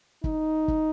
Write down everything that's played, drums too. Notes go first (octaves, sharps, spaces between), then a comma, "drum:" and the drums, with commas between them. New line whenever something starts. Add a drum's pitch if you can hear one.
D#4, drum: kick
drum: kick